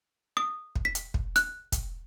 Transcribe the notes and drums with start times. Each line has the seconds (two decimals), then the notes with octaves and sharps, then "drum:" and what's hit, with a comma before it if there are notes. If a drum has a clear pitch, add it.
0.37 D#6
0.76 drum: kick
0.85 B6
0.95 drum: hi-hat
1.14 drum: kick
1.36 F#6, drum: hi-hat
1.72 drum: kick, hi-hat